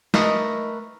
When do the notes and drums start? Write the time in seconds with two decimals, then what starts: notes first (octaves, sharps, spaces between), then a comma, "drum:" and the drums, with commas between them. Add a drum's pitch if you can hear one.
0.14 A3 A#4 B4 D#5, drum: snare